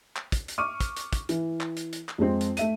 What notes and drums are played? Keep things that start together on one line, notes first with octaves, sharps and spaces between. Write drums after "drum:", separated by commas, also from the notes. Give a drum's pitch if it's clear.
drum: clap
drum: kick, hi-hat
drum: hi-hat
C#6 D6 F6 D#7
drum: kick, hi-hat
drum: hi-hat
drum: kick, hi-hat
E3, drum: hi-hat
drum: clap
drum: hi-hat
drum: hi-hat
drum: clap
F2 G#3 C4
drum: hi-hat
A3 E5 D#7, drum: hi-hat